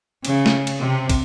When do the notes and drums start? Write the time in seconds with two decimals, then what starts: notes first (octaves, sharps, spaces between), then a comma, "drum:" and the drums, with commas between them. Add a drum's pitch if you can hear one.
0.25 C#3, drum: cymbal
0.46 drum: snare
0.67 drum: cymbal
0.82 C3
1.10 drum: kick, cymbal